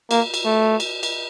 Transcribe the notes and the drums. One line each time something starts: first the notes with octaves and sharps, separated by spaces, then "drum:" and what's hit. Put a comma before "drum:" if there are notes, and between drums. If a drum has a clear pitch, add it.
A#3, drum: cymbal
drum: cymbal
A3
drum: cymbal
drum: cymbal